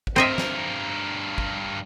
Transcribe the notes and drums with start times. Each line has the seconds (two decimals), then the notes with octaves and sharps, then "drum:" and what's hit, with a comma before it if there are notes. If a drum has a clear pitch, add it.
0.07 drum: kick
0.16 G2 C4 A#4 D#5 E5
0.38 drum: snare
1.38 drum: kick